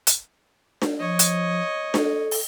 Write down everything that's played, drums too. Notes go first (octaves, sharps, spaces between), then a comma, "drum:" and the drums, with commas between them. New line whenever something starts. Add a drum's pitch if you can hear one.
drum: hi-hat
drum: snare D4
F3 C#5 D#5
drum: hi-hat
A4, drum: snare D4
drum: open hi-hat